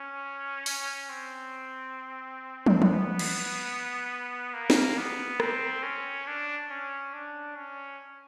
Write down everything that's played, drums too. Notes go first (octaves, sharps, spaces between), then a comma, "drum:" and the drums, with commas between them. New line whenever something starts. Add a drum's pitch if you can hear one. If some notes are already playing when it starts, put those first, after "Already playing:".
Already playing: C#4
C#4, drum: open hi-hat
C4
drum: tom
B3, drum: tom
drum: cymbal
A#3
drum: snare
B3
C4, drum: rim click
C#4
D4
C#4
D4
C#4